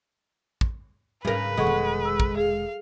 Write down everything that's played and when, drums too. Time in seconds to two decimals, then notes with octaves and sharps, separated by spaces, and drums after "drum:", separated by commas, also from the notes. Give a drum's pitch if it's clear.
0.61 drum: kick
1.25 G#2 C#3 G3 A#4 B4
1.57 F1 B2 D#3 G#3 A4 F#5 C#6
1.67 drum: tom D#3
2.05 E6
2.20 drum: kick
2.37 G#4 F5